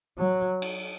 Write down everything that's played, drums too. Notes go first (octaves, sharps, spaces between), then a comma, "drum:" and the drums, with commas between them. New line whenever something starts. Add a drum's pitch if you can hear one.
F#3
drum: cymbal